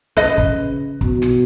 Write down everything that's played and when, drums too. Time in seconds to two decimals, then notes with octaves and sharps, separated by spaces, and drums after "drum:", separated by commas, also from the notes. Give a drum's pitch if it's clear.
0.17 C#3 B4 D#5, drum: snare
0.38 drum: kick
1.01 B2, drum: kick
1.22 drum: snare